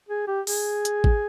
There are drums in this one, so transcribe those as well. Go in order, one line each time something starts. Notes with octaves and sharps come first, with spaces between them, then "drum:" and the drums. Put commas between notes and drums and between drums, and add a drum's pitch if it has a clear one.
G#4
G4
G#4, drum: open hi-hat
drum: hi-hat
drum: kick G#1